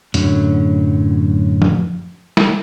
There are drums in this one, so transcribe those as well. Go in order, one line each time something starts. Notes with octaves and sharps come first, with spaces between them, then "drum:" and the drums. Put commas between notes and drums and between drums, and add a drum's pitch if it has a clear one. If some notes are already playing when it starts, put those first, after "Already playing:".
F#2 A2 D3 F#3 C#4, drum: hi-hat
drum: tom F3
drum: snare